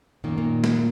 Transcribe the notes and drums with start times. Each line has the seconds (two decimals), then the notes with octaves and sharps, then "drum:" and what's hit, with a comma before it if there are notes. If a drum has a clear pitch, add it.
0.24 F#2 A#2 D#3 A#3
0.37 A#2 A#3
0.64 drum: snare A3